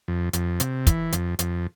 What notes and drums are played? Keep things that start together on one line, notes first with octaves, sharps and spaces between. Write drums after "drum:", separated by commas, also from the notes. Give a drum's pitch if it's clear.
F2
F2, drum: hi-hat
C3, drum: hi-hat
E3, drum: kick, hi-hat
F2, drum: hi-hat
F2, drum: hi-hat